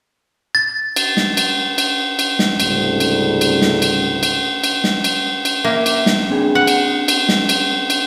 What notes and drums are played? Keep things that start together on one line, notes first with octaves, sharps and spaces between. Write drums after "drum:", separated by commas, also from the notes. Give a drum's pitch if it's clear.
A6
drum: cymbal
drum: snare
drum: cymbal
drum: cymbal
drum: cymbal
drum: snare
C#2 G#2 C3 G3 A3, drum: cymbal
drum: cymbal
drum: cymbal
drum: snare
drum: cymbal
drum: cymbal
drum: cymbal
drum: snare
drum: cymbal
drum: cymbal
A#3 E5
drum: cymbal
drum: snare
C4 D4 G#4
F#5
drum: cymbal
drum: cymbal
drum: snare
drum: cymbal
drum: cymbal